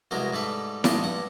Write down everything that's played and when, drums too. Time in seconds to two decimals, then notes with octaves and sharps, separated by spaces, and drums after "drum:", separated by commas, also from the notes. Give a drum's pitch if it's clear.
0.11 C2 B2 F#3 G#3 A#4
0.33 G#2 G3 A3 B4
0.84 A#1 F#2 G#3 D4 F4 A5, drum: snare E4
1.04 G2 F#5